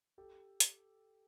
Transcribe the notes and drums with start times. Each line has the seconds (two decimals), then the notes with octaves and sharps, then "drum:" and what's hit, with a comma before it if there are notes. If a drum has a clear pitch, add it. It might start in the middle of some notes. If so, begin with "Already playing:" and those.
0.18 G4 A4
0.60 drum: hi-hat